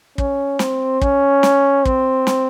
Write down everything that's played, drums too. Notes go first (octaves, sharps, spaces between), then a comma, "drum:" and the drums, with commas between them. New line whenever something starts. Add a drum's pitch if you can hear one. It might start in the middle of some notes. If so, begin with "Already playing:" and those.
C#4, drum: kick
C4, drum: snare
C#4, drum: kick
drum: snare
C4, drum: kick
drum: snare